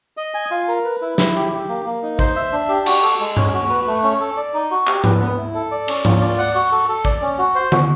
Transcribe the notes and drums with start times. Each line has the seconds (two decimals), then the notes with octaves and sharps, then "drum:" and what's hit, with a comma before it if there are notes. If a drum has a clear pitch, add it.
0.17 D#5
0.34 G#5
0.51 F4
0.68 A#4
0.84 B4
1.01 E4
1.18 E4, drum: snare
1.35 G4
1.52 G4
1.69 A#3
1.85 A#3
2.02 D#4
2.19 C5, drum: kick A1
2.36 E5
2.52 D4
2.69 G4
2.86 F#4, drum: cymbal
3.03 A4
3.20 G#3
3.37 C#4, drum: tom G2
3.53 F#4
3.70 B4
3.87 A3
4.03 C#4
4.20 A4
4.37 D5
4.54 D#4
4.71 F#4
4.87 G4, drum: clap
5.04 B4, drum: tom
5.21 B3
5.38 E4
5.54 A4
5.71 D5
5.88 C#4, drum: cymbal
6.05 F4, drum: tom
6.21 D5
6.38 F#5
6.55 F#4
6.72 A4
6.88 A4
7.05 D5, drum: kick A1
7.22 C#4
7.39 F#4
7.55 C5
7.72 F#4, drum: tom D3